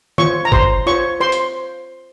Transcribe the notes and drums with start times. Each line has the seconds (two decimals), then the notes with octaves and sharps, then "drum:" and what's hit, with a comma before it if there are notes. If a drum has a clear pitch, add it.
0.18 F4 C5 C#5 C#6, drum: tom D#3
0.45 A#5
0.52 C5 C6, drum: kick
0.86 F4 C5 C#5 C#6
1.21 C5 C6
1.32 drum: hi-hat